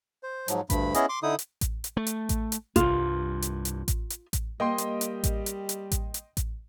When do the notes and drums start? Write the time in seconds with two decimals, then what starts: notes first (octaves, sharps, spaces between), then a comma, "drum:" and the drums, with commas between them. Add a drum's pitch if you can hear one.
0.23 C5
0.48 G#2 F3 F#3, drum: hi-hat
0.70 D2 G2 B5, drum: kick A1, hi-hat
0.94 B3 C#4 E4 G#4 D#5, drum: hi-hat
1.09 C6 D6
1.23 D3 D#4 E4 D#6
1.39 drum: hi-hat
1.61 drum: kick A1, hi-hat
1.84 drum: hi-hat
1.97 A3
2.07 drum: hi-hat
2.29 drum: kick A1, hi-hat
2.52 drum: hi-hat
2.76 C2 G2 F4, drum: kick A1, hi-hat
3.42 drum: hi-hat
3.65 drum: hi-hat
3.88 drum: kick A1, hi-hat
4.10 drum: hi-hat
4.33 drum: kick A1, hi-hat
4.60 G3 A#3 D#5 G5 C6
4.78 drum: hi-hat
5.01 drum: hi-hat
5.24 drum: kick A1, hi-hat
5.46 drum: hi-hat
5.69 drum: hi-hat
5.92 drum: kick A1, hi-hat
6.14 drum: hi-hat
6.37 drum: kick A1, hi-hat